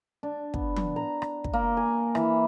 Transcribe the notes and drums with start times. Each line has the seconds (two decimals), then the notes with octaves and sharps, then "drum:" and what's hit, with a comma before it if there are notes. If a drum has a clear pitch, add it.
0.23 D4
0.54 B3, drum: kick
0.76 drum: tom F3
0.96 A#5
1.22 drum: rim click
1.44 drum: kick
1.53 A#3
1.77 G#5
2.15 E3, drum: rim click